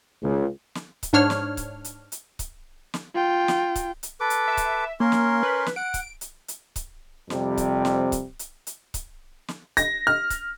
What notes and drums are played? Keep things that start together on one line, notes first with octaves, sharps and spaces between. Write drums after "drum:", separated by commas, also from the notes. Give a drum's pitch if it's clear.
C#2
drum: snare
drum: kick C#1, hi-hat
G#2 D4 C#5 F6
drum: snare
drum: kick C#1, hi-hat
drum: hi-hat
drum: hi-hat
drum: kick C#1, hi-hat
drum: snare
F4 G5
drum: snare
drum: kick C#1, hi-hat
drum: hi-hat
A4 B4 D6
drum: hi-hat
E5
drum: kick C#1, hi-hat
A#3 C#4 A#4 C6
drum: snare
B4
drum: snare
F#5 D7
drum: kick C#1, hi-hat
drum: hi-hat
drum: hi-hat
drum: kick C#1, hi-hat
F2 C3 G3, drum: snare
drum: kick C#1, hi-hat
drum: snare
drum: kick C#1, hi-hat
drum: hi-hat
drum: hi-hat
drum: kick C#1, hi-hat
drum: snare
A#6, drum: kick C#1, hi-hat
F6
drum: kick C#1, hi-hat